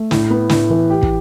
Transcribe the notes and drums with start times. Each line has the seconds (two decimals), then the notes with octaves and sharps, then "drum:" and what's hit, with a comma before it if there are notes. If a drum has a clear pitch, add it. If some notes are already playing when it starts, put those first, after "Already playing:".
Already playing: A3
0.11 A2, drum: snare
0.30 B3
0.50 A2, drum: snare
0.70 E3
0.90 G4
1.03 drum: kick